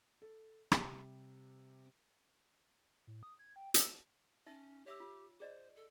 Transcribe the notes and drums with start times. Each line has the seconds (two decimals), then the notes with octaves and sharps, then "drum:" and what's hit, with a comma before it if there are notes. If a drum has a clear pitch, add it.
0.22 A4
0.72 C3 G3, drum: rim click
3.07 A2
3.23 D#6
3.39 G#6
3.56 G5
3.74 E6, drum: hi-hat
4.47 C#4 D#4 E5
4.86 G4 C#5 E5 E6
5.00 F4
5.40 G#4 C5 D5 D#5
5.76 A4